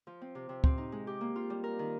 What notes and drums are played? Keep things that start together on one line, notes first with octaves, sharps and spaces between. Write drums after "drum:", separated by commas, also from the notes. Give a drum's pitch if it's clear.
F3
C4
C3
C3
C4, drum: kick C#2
D#4
G#3
G4
A#3
F4
G3
A#4
D#3